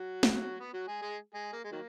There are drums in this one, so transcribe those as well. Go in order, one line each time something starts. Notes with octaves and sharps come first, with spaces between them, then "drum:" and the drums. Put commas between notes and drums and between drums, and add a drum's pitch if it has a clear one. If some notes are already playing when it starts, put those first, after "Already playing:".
Already playing: F#3 F#4
drum: snare
B3
F#3 F#4
G#3 G#4
G#3 G#4
G#3 G#4
A#3
G#3
D#3 F#3 A#3